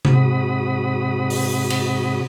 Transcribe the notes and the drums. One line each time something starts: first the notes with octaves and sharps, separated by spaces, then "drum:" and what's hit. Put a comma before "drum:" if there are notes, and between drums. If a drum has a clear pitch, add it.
G#2 C3 F#4 B5 D#6, drum: tom C3
drum: open hi-hat
drum: cymbal